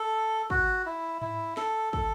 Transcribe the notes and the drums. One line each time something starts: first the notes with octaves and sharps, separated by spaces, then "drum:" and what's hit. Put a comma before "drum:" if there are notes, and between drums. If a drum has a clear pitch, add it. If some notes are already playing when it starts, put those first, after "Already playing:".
Already playing: A4
F#4, drum: kick
E4
E4, drum: tom G#2
A4, drum: snare
A4, drum: kick